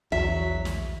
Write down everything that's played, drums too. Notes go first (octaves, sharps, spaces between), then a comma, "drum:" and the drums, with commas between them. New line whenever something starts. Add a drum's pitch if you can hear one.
E2 F#3 E5, drum: tom B1
drum: snare